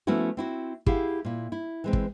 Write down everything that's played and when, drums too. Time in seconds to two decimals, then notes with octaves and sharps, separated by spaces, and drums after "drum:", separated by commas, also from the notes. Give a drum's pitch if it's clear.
0.07 F3 A3 B3 C#4 E4 F#4
0.37 C4 E4 F#4
0.86 E4 G4 G#4 F5 F#5, drum: kick
1.25 A#2 E4
1.52 E4
1.84 E3 G#3 C4
1.93 drum: kick